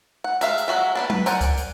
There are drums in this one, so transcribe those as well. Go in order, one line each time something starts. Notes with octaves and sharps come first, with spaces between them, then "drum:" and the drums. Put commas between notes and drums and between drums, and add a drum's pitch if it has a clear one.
F#5
G#3 E5 F5, drum: hi-hat
drum: hi-hat
F#3 G#3 F#4 E5
G3 B3 D4
B4, drum: tom F#3
A#4 C5 D5 F#5 G#5, drum: hi-hat
drum: kick C#2, hi-hat
drum: hi-hat